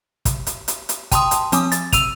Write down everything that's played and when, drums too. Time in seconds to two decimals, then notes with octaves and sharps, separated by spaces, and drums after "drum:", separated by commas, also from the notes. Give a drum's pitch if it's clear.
0.25 drum: kick, hi-hat
0.47 drum: hi-hat
0.68 drum: hi-hat
0.89 drum: hi-hat
1.12 G5 A5 C6 D#6, drum: kick, hi-hat
1.31 drum: hi-hat
1.52 F3 C4 D6 D#6, drum: hi-hat
1.72 A6, drum: hi-hat
1.93 E6 D#7 F7, drum: kick, hi-hat